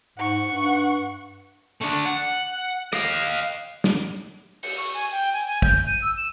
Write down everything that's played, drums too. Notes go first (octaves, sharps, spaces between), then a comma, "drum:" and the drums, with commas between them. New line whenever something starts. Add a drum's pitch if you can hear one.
G#2 F#5 C#6
G2
A3 D4
F#5
D#5 F5, drum: rim click
drum: snare
C#7, drum: open hi-hat
C#6
G#5
G5
G#5
G#5
G6, drum: kick
D#7
E6
E7